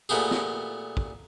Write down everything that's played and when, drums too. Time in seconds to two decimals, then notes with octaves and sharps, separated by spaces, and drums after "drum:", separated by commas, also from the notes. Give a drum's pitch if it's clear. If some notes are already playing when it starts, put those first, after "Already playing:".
0.09 A#2 A3 B3 G4 G#4
0.31 drum: snare
0.97 drum: kick